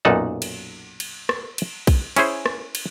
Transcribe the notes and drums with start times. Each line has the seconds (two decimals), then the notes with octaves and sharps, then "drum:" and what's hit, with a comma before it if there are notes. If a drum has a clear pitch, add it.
0.05 B1 F#2 A#2 D#4 F#5 A5
0.42 drum: cymbal
1.00 drum: cymbal
1.29 drum: rim click
1.58 drum: cymbal
1.87 drum: kick, cymbal
2.16 C#4 E4 G#4 C5, drum: cymbal
2.46 drum: rim click
2.75 drum: cymbal